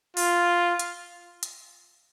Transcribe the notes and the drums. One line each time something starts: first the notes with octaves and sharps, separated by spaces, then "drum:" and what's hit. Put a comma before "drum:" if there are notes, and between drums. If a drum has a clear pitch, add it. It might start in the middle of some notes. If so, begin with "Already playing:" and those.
F4, drum: open hi-hat
drum: hi-hat
drum: hi-hat